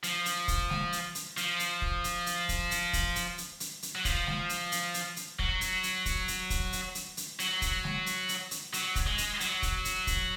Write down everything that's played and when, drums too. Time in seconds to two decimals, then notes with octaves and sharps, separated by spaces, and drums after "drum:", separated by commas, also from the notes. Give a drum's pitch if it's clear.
0.03 F3, drum: hi-hat
0.26 drum: hi-hat
0.48 drum: kick, hi-hat
0.70 drum: snare G#3
0.92 drum: hi-hat
1.15 drum: hi-hat
1.37 F3, drum: hi-hat
1.59 drum: hi-hat
1.82 drum: kick
2.04 drum: hi-hat
2.26 drum: hi-hat
2.49 drum: kick, hi-hat
2.71 drum: hi-hat
2.93 drum: kick, hi-hat
3.16 drum: hi-hat
3.38 drum: hi-hat
3.60 drum: hi-hat
3.82 drum: hi-hat
3.95 F#3
4.05 F3, drum: kick, hi-hat
4.27 drum: snare G#3
4.49 drum: hi-hat
4.72 drum: hi-hat
4.94 drum: hi-hat
5.16 drum: hi-hat
5.39 F#3, drum: kick
5.61 drum: hi-hat
5.83 drum: hi-hat
6.06 drum: kick, hi-hat
6.28 drum: hi-hat
6.50 drum: kick, hi-hat
6.72 drum: hi-hat
6.95 drum: hi-hat
7.17 drum: hi-hat
7.39 F#3, drum: hi-hat
7.62 drum: kick, hi-hat
7.84 drum: snare G#3
8.06 drum: hi-hat
8.29 drum: hi-hat
8.51 drum: hi-hat
8.73 F#3, drum: hi-hat
8.96 drum: kick, hi-hat
9.07 G#3
9.18 drum: hi-hat
9.40 F#3, drum: hi-hat
9.62 drum: kick, hi-hat
9.85 drum: hi-hat
10.07 drum: kick, hi-hat